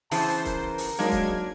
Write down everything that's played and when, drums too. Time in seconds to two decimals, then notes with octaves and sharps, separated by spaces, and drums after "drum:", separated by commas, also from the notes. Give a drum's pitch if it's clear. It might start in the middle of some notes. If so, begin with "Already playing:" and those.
0.11 C#3 E3 B3 C5 A5, drum: open hi-hat
0.28 drum: hi-hat
0.45 A#4, drum: kick, hi-hat
0.78 drum: open hi-hat
0.99 F#3 G#3 A#3 D4 D#4 G#6
1.11 drum: kick, hi-hat